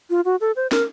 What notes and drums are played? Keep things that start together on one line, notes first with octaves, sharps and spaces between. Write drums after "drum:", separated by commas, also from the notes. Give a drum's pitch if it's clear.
F4
F#4
A4
C5
A#4, drum: snare